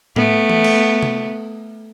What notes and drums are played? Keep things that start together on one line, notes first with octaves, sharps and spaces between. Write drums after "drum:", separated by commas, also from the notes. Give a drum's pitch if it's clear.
A3 B3, drum: tom A2
drum: tom E3
drum: cymbal
drum: tom C3